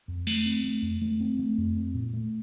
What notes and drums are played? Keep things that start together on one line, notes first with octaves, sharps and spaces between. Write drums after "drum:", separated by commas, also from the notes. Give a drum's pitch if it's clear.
F2
A3, drum: cymbal
C4
A3
F2
A3
C4
A3
F2
C4
A#2
A3